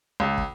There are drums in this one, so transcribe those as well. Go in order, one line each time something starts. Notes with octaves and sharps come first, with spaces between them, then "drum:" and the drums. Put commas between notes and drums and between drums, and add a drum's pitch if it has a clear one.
C#2
drum: kick